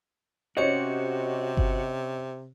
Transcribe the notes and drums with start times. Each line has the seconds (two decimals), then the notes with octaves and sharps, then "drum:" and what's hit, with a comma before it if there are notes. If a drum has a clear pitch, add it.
0.57 C3 C#4 F#4 G4 C5 C#5 D#5 C#7
1.57 drum: kick G1